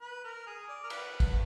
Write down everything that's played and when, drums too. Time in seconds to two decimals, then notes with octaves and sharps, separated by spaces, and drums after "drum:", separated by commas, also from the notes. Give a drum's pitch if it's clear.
0.01 B4
0.24 A#4
0.46 G#4
0.68 D5
0.84 A#4
0.90 B4, drum: cymbal
1.20 drum: kick, cymbal